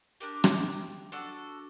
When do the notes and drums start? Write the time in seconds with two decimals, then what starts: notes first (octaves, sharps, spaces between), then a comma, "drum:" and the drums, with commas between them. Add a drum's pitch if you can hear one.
0.20 D4 G4 A#4
0.44 drum: rim click
1.12 D4 F#4 A4